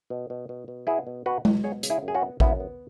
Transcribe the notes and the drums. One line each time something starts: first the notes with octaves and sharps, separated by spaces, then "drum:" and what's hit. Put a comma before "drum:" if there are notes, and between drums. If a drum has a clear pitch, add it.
B2
B2
B2
B2
B3 E4 G#4
B2
B2 F#4 B4
B2, drum: tom G#3
B3 G#4 C#5
C#3, drum: hi-hat
E4 G#4
F#2
G#4
C#4 F#4
B3
F#2 B3 E4, drum: kick A1
B3